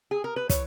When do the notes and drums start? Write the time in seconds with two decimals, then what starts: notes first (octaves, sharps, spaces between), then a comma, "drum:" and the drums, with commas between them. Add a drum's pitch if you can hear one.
0.11 G#4
0.24 A#4
0.36 B4
0.49 E3 C#5, drum: kick, hi-hat